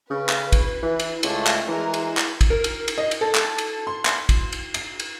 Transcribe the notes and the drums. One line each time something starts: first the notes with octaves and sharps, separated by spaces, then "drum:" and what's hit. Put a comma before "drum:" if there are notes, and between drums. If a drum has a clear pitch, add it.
C#3 B4
drum: clap
drum: kick, cymbal
E3
drum: cymbal
C#2 A3, drum: cymbal
drum: clap
E3 G#3 A#4
drum: cymbal
drum: clap
drum: kick, cymbal
A#4
drum: cymbal
drum: cymbal
D#5
drum: cymbal
A4
drum: clap
drum: cymbal
C6
drum: clap
drum: kick, cymbal
drum: cymbal
C7, drum: cymbal
drum: cymbal